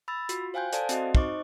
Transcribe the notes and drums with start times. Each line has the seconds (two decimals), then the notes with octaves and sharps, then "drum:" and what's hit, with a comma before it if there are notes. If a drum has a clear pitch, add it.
0.08 B5 E6 A6
0.29 F4 F#4, drum: hi-hat
0.54 C5 F5 G5 G#5 F#6 G6
0.73 A4 C5 D5 F5 A5, drum: hi-hat
0.89 C4 F#4 D#5, drum: hi-hat
1.15 D#4 C5 D#5 C#6 D6, drum: kick